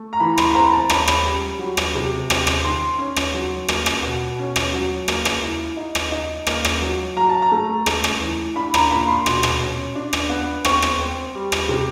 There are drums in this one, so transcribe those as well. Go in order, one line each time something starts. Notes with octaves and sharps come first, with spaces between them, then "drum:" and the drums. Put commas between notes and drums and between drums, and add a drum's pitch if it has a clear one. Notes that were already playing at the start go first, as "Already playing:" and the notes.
Already playing: A3
A#5
E3 B5
C6, drum: rim click
B5
C4 A#5
A5
C#4 B5, drum: rim click
drum: rim click
G3
F#3
drum: rim click
C3
C4, drum: rim click
drum: rim click
D#3 C6
C#4
drum: rim click
F#3
A#3, drum: rim click
drum: rim click
B2
C#4
drum: rim click
F#3
A#3, drum: rim click
drum: rim click
E4
D#4
drum: rim click
D#4
A#3, drum: rim click
drum: rim click
F#3
F#3 A#5
A5
A#5
A3
A3, drum: rim click
drum: rim click
E3
D4 B5
A#5, drum: rim click
A#2 B5
C6
B2, drum: rim click
drum: rim click
C#4
D4
drum: rim click
B3
C4 C#6, drum: rim click
drum: rim click
C4
G3
drum: rim click
C3